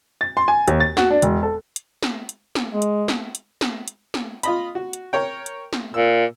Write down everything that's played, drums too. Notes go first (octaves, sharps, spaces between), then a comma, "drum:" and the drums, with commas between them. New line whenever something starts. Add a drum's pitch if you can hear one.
A6
C6
G#5
D#2, drum: hi-hat
A6
F#4, drum: snare
D4
E1, drum: hi-hat
A4
drum: hi-hat
drum: snare
drum: hi-hat
drum: snare
G#3
drum: hi-hat
drum: snare
drum: hi-hat
drum: snare
drum: hi-hat
drum: snare
F4 D#5 B5, drum: hi-hat
F#4
drum: hi-hat
A#4 C#5 G5
drum: hi-hat
drum: snare
A#2 E6